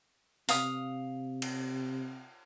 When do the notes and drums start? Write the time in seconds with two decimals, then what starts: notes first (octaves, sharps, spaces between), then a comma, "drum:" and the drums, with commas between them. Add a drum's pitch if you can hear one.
0.49 C3 F5 D#6, drum: open hi-hat
1.42 drum: cymbal